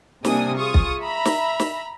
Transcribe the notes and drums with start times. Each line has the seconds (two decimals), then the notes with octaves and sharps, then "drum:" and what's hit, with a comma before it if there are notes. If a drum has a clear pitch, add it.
0.25 C3 G3 A#3 D4 G#5 D#6, drum: snare
0.57 F4 G#4 C#6 D#6
0.74 drum: kick
1.00 E5 A#5 B5
1.25 drum: snare
1.60 drum: snare